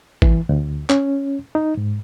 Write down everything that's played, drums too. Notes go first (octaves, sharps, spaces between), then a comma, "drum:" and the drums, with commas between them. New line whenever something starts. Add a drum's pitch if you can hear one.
E3, drum: kick
D2
C#4, drum: clap
D#4
G#2